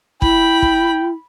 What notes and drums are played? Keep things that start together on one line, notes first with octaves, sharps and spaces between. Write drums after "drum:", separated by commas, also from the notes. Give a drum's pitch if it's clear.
E4 G5 B5, drum: kick
drum: kick